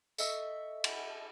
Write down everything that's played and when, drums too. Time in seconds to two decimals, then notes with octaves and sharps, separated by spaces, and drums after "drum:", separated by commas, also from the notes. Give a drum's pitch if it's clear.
0.18 A4 D#5 E5 C#6, drum: tambourine
0.84 drum: cymbal